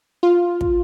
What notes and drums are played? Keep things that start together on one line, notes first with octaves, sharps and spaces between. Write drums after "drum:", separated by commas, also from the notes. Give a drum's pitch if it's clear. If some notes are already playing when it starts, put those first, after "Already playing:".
F4
drum: kick